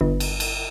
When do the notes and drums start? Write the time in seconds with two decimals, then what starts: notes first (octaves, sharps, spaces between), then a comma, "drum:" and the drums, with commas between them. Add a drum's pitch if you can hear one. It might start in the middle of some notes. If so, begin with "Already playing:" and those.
0.01 G1
0.20 drum: cymbal
0.40 drum: cymbal